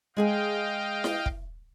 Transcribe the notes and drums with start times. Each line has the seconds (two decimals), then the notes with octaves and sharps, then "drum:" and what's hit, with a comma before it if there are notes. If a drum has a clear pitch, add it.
0.17 G#3 G#4 D#5 F5 G5 G#5
1.04 drum: snare E4
1.26 drum: kick